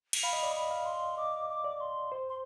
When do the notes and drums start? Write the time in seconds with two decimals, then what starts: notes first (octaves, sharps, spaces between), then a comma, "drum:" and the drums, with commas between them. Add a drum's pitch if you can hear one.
0.13 drum: cymbal
0.23 F5 B5
0.33 D#5
0.43 D5
0.51 D#5 B5
0.71 F5
0.86 C6
1.17 D#5 D6
1.50 D6
1.64 D5
1.80 C6
2.12 C5
2.29 C6